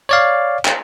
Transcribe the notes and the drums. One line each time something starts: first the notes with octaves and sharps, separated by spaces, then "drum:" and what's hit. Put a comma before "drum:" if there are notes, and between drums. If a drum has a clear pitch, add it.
C#5 D5 F5
drum: clap